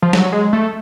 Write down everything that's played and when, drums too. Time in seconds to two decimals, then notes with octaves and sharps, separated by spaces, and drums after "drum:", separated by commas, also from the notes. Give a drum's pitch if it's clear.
0.02 F3
0.13 F#3, drum: snare G3
0.32 G#3
0.53 A3